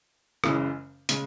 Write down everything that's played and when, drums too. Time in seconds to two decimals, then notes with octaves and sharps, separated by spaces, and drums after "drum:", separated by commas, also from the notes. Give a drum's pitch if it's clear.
0.44 F#1 F#2 C#3 E3 G#3, drum: rim click
1.09 C#3 G#3, drum: hi-hat